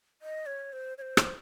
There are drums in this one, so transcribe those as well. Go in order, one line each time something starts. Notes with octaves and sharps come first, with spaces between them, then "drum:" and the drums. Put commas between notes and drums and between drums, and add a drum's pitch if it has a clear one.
D#5
C#5
C5
C#5
C5
drum: rim click